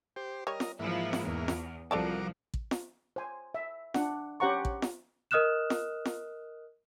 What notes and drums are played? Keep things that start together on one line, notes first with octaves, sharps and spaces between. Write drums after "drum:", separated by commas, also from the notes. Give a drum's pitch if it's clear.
G4 C5
G3 A#4 C#5 D#5
drum: snare
G#2 E3 F3 A#3 E4
drum: snare
E2
drum: snare
C2 F3 F#4 A4 A#4 D5 A5 D6
drum: kick
drum: snare
C5 G#5
E5
D4 F#5, drum: snare
C#4 G4 C5 F#5 A#5 C#6
drum: kick
drum: snare
A#4 D#5 D#6 F6 F#6 E7
drum: snare
drum: snare